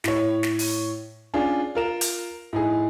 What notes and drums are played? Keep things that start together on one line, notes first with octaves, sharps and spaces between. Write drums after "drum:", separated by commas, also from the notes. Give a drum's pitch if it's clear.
A2 C#5, drum: snare
drum: snare
drum: open hi-hat
C#4 D4 F4 G#4
F4 A#4 E7
drum: hi-hat
A2 D#4 G#4